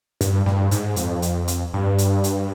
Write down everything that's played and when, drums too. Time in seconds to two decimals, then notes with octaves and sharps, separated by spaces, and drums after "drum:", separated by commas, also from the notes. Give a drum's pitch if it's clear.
0.21 G2, drum: hi-hat
0.46 G2, drum: snare
0.71 G#2, drum: hi-hat
0.96 F2, drum: hi-hat
1.22 drum: hi-hat
1.48 drum: hi-hat
1.73 G2
1.98 drum: hi-hat
2.24 drum: hi-hat